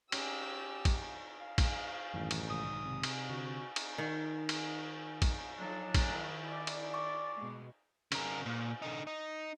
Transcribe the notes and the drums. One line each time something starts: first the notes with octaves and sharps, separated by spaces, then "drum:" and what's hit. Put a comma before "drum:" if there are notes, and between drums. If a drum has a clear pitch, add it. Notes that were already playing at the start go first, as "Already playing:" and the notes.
C#4 G4 E6, drum: cymbal
drum: kick, cymbal
F5
drum: kick, cymbal
A1 F#2 D#3 E3
drum: cymbal
B1 G#2 D#3 D#6
C3
drum: cymbal
D3 F#4
drum: cymbal
D#3
drum: cymbal
drum: kick, cymbal
F3 F#3 D4 D#4 A4
drum: kick, cymbal
D#3 E4
D5
drum: cymbal
C#6 D6
B2 G#3
C#3 A#4, drum: cymbal
A#2
D3 D#4
D#4